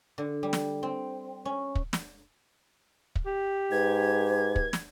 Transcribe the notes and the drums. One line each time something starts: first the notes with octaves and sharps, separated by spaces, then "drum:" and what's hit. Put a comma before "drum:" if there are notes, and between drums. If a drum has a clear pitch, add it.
D3
G3
drum: snare
C4
C#4
drum: kick
drum: snare
drum: kick
G4
G#2 B4 G#6
drum: kick
drum: snare